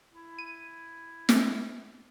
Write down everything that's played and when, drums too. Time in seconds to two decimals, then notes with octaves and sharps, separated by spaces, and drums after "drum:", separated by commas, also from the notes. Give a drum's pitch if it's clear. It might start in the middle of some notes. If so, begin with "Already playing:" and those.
0.12 E4
0.39 D#7
1.29 drum: snare